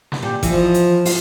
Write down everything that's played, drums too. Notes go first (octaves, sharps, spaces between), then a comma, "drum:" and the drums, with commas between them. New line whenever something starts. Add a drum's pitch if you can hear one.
drum: snare
A#2 G4
E3 F3 D#5, drum: kick G#1, hi-hat
drum: hi-hat
F4, drum: open hi-hat